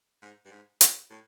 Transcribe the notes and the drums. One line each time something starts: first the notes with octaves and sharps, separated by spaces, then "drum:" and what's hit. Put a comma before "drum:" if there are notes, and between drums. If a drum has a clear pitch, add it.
G#2
G2
G#2
A#2, drum: hi-hat
A2